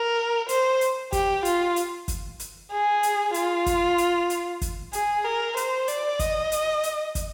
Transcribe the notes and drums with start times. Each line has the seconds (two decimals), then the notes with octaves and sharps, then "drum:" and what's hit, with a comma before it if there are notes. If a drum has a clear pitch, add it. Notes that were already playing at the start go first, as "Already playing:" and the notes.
Already playing: A#4
0.49 C5, drum: hi-hat
0.81 drum: hi-hat
1.12 G4, drum: kick, hi-hat
1.45 F4, drum: hi-hat
1.76 drum: hi-hat
2.08 drum: kick, hi-hat
2.40 drum: hi-hat
2.71 G#4
3.03 drum: hi-hat
3.34 F4, drum: hi-hat
3.66 drum: kick, hi-hat
3.98 drum: hi-hat
4.30 drum: hi-hat
4.61 drum: kick, hi-hat
4.93 G#4, drum: hi-hat
5.25 A#4
5.57 C5, drum: hi-hat
5.88 D5, drum: hi-hat
6.19 D#5, drum: kick, hi-hat
6.52 drum: hi-hat
6.83 drum: hi-hat
7.15 drum: kick, hi-hat